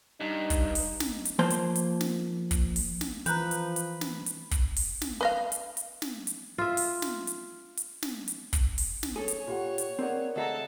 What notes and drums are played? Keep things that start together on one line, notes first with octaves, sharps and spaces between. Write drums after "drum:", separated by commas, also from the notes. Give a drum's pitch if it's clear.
G2 D#4
drum: kick, hi-hat
drum: open hi-hat
drum: snare
drum: hi-hat
F3 A#3 C5 C6
drum: hi-hat
drum: hi-hat
drum: snare
drum: kick, hi-hat
drum: open hi-hat
drum: snare
E3 F3 B4 A#5 F#6 G6, drum: hi-hat
drum: hi-hat
drum: hi-hat
drum: snare
drum: hi-hat
drum: kick, hi-hat
drum: open hi-hat
drum: snare
B4 D#5 F5
drum: hi-hat
drum: hi-hat
drum: snare
drum: hi-hat
F4 E5
drum: open hi-hat
drum: snare
drum: hi-hat
drum: hi-hat
drum: snare
drum: hi-hat
drum: kick, hi-hat
drum: open hi-hat
drum: snare
G#4 A4 C#5
drum: hi-hat
A#2 F4 G4 F#5
drum: hi-hat
C4 G#4 A#4 D5 F#5
D2 G#4 A4 D#5 E5 F#5 A#5